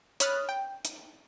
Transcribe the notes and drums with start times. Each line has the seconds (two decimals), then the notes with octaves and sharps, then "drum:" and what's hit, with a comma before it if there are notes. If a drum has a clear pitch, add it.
0.20 C#5 B5 D#6 F6 F#6 A6, drum: hi-hat
0.49 G5
0.85 drum: hi-hat